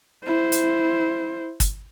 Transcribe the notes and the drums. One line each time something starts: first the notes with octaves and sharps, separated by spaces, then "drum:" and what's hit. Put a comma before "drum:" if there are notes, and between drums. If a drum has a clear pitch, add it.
E4 C5
drum: hi-hat
drum: kick, hi-hat